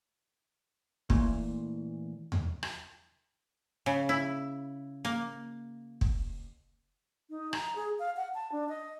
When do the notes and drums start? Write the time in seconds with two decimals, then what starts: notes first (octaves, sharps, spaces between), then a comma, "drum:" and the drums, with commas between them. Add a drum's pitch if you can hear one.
1.10 A#2 E3 A3 A#3 A#5 C6, drum: kick
2.32 drum: tom E2
2.63 drum: rim click
3.86 C#3
4.09 E4
5.05 A#3
6.01 drum: kick
7.30 D#4
7.53 A#5, drum: rim click
7.76 G#4
7.99 F5
8.17 F#5
8.34 A5
8.52 D4
8.69 D#5